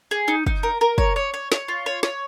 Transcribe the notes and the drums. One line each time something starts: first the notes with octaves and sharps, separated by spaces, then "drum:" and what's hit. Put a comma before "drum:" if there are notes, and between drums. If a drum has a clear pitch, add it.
G#4
D#4
D#4, drum: kick
A#4
A#4
C#5, drum: kick
C#5
C#5
C#5, drum: snare
F4
C#5
C#5, drum: snare